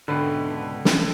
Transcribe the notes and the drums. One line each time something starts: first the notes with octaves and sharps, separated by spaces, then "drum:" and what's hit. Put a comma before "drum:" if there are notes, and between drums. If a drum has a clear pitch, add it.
C#2 G#2 B2 D3 B4 E5 G5
drum: snare